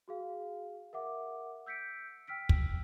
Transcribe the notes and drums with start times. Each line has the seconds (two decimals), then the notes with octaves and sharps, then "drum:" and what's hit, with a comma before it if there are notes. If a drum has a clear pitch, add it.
0.08 F#4 G#4 F5
0.93 A#4 E5 F#5 D6
1.66 E6 G6 B6 C#7 D7
2.28 G5 E6 F6 B6 D7
2.49 drum: kick